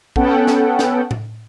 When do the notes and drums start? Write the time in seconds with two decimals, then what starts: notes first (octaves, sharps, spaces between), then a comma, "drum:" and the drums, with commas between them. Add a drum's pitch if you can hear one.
0.16 B3 C#4 A4 F#5 G5, drum: kick
0.47 drum: snare
0.79 drum: snare
1.11 drum: tom A2